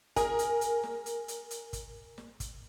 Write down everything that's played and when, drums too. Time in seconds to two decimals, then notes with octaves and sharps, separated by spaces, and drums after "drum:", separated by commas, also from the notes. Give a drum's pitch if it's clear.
0.16 G#4 A#4, drum: kick, hi-hat
0.39 drum: hi-hat
0.61 drum: hi-hat
0.83 drum: snare
1.06 drum: hi-hat
1.28 drum: hi-hat
1.51 drum: hi-hat
1.73 drum: kick, hi-hat
2.18 drum: snare
2.40 drum: kick, hi-hat